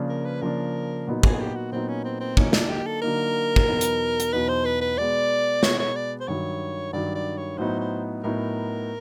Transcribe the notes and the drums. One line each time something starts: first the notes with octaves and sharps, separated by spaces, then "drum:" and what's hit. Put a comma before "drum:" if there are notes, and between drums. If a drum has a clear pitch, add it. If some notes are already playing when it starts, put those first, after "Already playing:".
Already playing: C#3 F3 A#3 D4
A#4
B4
C#3 F3 A#3 D4 A#4
A#2 F#3 B3 D#4
G#4, drum: kick
G4
F#4
A#2 F#3 B3 C4 D#4
C#4
C4
C4
D3 F#3 A#3 C#4 D#4, drum: kick
D4, drum: snare
G4
A4
D3 F#3 A#3 D#4 A#4
drum: kick
E2 B2 F#3 B3 D#4
drum: hi-hat
drum: hi-hat
E2 B2 F#3 B3 D#4 B4
C5
B4
B4
B2 G#3 B3 D5
B2 G#3 B3 C#5, drum: snare
C#5
D5
C5
G2 D#3 F#3 C#5
G2 D#3 F#3 D5
D5
C#5
A2 F#3 B3 D#4 C5
C5
A2 F#3 B3 D#4 A#4